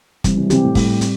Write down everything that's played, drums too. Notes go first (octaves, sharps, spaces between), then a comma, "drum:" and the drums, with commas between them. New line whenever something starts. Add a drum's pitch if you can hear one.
C3 E3 G3, drum: kick G1, hi-hat
C3 E3
F#3
C3 E3 C4 G4, drum: hi-hat
A2
A2 G3, drum: kick G1, open hi-hat
C4, drum: hi-hat